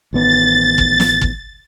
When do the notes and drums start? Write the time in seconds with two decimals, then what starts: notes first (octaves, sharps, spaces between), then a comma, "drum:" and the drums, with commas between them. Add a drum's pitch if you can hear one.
0.13 A1 D#3 B3 A6
0.78 drum: kick
1.00 drum: snare
1.21 drum: kick